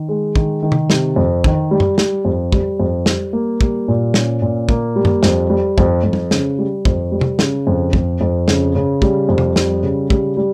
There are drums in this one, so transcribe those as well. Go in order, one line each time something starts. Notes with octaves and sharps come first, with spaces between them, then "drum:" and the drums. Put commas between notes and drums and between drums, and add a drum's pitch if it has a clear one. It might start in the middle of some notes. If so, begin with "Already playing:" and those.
Already playing: D#3
G#3
D#3, drum: kick
D#3
drum: tom
C3, drum: snare
F2
D#3, drum: kick
G3
drum: tom F#2
G3, drum: snare
F2
G3, drum: kick
F2
G3, drum: snare
A#3
G3, drum: kick
A#2
C#4, drum: snare
A#2
A#3, drum: kick
G3
drum: tom F#2
F2, drum: snare
G3
F2, drum: kick
F2
drum: tom
C#3, drum: snare
G3
F2, drum: kick
G3
drum: tom
C#3, drum: snare
F2
F2, drum: kick
F2
C#3, drum: snare
C#3
G3, drum: kick
F2
drum: tom
G3, drum: snare
C#3
G3, drum: kick
G3